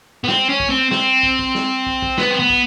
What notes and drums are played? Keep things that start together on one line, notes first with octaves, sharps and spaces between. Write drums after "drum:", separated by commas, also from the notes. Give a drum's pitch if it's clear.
B3
C4, drum: snare
C#4
drum: kick
C4
C4, drum: snare
drum: kick
drum: kick
drum: snare
drum: kick
drum: kick
B3, drum: snare
C4
B3
drum: kick